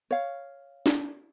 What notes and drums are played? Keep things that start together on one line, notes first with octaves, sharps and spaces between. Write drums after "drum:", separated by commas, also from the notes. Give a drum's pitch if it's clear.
C#5 F5
drum: snare